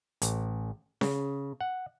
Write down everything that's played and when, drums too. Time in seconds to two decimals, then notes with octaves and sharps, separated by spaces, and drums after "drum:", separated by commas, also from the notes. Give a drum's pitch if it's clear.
0.22 A1, drum: hi-hat
1.01 C#3, drum: snare C#4
1.61 F#5